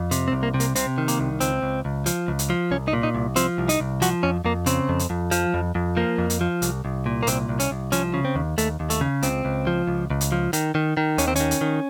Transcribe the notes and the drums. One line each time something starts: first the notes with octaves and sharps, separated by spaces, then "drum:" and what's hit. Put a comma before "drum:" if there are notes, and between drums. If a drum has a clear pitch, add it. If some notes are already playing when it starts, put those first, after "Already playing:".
Already playing: F2
C3, drum: hi-hat
C4
C2
A#3
C3
A#3, drum: hi-hat
C3 C4, drum: hi-hat
D#3
A#3, drum: hi-hat
C2
C#2 C4, drum: hi-hat
C#2
C#2
F3, drum: hi-hat
C#2
drum: hi-hat
F3
C2 C#4
D#4
A#2
D#4
C2
F3 C4, drum: hi-hat
C2
D#4, drum: hi-hat
C2
F3 F#4, drum: hi-hat
F2 C#4
F2 A#3
C#3 C4, drum: hi-hat
F2
drum: hi-hat
F2
F3, drum: hi-hat
F2
F2
F3 A#3
F2
drum: hi-hat
F3
C2, drum: hi-hat
C2
A#2
A#3
C2 C4, drum: hi-hat
C2
C#4, drum: hi-hat
C2
F3 C#4, drum: hi-hat
C#3
C4
D#2
D#2 A3, drum: hi-hat
D#2
A3, drum: hi-hat
C#3
C#2 C4, drum: hi-hat
C#2
F3
C#2
C#2
drum: hi-hat
F3
D#3, drum: hi-hat
D#3
D#3
D#2 C#4, drum: hi-hat
C4
D#3 C#4, drum: hi-hat
drum: hi-hat
D#3